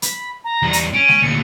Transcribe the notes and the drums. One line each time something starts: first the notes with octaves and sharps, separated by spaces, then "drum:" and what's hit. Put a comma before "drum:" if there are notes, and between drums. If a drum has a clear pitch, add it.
B5, drum: hi-hat
A#5
E2 G3
drum: hi-hat
C#4 D7
drum: snare
D2 A#2 C#7